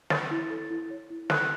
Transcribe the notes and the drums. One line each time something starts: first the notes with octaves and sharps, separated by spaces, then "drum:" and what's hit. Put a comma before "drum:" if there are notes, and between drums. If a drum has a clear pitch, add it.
C#5 A6, drum: snare
E4
A4
E4
C#5
E4
A4 F#6, drum: snare